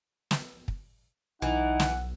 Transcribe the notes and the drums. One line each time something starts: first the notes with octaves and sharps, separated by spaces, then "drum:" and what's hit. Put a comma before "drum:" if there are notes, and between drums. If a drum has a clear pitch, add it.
drum: snare
drum: kick
B1 E3 D#4 F#5
drum: snare